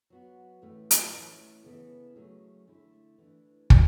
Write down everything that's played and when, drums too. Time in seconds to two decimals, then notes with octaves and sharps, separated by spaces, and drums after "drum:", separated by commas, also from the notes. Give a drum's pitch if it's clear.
0.10 F#3 B3 F#4
0.62 A2 E3 A3 C#4
0.91 drum: hi-hat
1.14 E3 A3 C#4 E4 A4
1.64 C#3 E3 B3 E4 A4
2.16 F#3 A3 C#4 G#4
2.67 D3 A3 E4
3.18 E3 A3 D4
3.70 G#3 D4, drum: kick